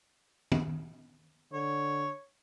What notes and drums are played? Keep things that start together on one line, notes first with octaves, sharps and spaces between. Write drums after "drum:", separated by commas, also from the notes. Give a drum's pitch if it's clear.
drum: tom
D3 C#5